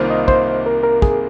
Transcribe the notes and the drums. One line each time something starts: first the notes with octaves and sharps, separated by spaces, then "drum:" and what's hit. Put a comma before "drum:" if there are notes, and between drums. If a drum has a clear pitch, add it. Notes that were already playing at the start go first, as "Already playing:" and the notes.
Already playing: C2 C3 D#3 A#3 F4 C5
D#5
C5, drum: kick
A#4
A#4
G#4, drum: kick